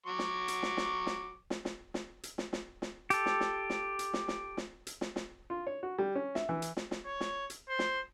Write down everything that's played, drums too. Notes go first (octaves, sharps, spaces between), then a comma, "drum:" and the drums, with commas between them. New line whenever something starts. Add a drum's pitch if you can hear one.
F#3 C#6 D6
drum: snare
drum: hi-hat
drum: snare
drum: snare
drum: snare
drum: snare
drum: snare
drum: snare
drum: hi-hat
drum: snare
drum: snare
drum: snare
G4 A4, drum: hi-hat
drum: snare
drum: snare
drum: snare
drum: hi-hat
drum: snare
drum: snare
drum: snare
drum: hi-hat
drum: snare
drum: snare
F4
C#5
F#4
G3
C#4
E5, drum: snare
E3
drum: hi-hat
drum: snare
drum: snare
C#5
drum: snare
drum: hi-hat
C5
drum: snare